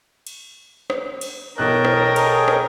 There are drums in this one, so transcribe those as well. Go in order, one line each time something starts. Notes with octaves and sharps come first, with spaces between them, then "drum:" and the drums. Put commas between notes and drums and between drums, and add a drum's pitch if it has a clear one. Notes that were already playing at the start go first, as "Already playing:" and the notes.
drum: cymbal
drum: rim click
drum: cymbal
B1 E3 A#4 C#5 D#5 G5 A5 F#6
drum: rim click
G#4 A4 D#5, drum: cymbal
drum: rim click